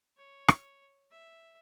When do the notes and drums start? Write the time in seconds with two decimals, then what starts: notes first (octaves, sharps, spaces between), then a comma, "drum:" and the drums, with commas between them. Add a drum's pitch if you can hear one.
0.17 C#5
0.48 drum: rim click
1.12 E5